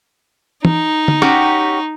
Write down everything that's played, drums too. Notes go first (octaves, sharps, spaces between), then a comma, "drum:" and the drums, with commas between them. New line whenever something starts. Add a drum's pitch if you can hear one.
D#4, drum: tom
drum: tom
C#4 F#4 G4, drum: rim click